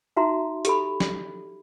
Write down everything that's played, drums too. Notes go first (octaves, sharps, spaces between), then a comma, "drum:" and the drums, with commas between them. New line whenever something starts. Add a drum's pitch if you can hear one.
D#4 F#4 E5 A#5 C6
G4 A4 B5, drum: hi-hat
drum: snare